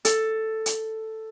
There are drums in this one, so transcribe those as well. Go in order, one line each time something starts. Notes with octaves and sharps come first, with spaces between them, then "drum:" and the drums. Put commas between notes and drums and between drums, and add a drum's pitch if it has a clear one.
A4, drum: hi-hat
drum: hi-hat